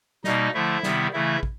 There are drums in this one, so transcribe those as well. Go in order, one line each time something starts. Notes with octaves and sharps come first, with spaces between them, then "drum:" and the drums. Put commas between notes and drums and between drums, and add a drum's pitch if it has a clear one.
B2 G3 A#3 D#4 D#5, drum: snare
D3 F3 A3 E4 E5
C3 D#3 G3 B3, drum: snare
C#3 E3 A3 E4 E5
drum: kick